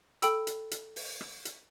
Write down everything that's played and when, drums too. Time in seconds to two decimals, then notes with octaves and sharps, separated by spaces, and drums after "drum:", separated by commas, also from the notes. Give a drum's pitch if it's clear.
0.22 A4 G5 B5 E6, drum: hi-hat
0.47 drum: hi-hat
0.71 drum: hi-hat
0.96 drum: open hi-hat
1.21 drum: rim click
1.45 drum: hi-hat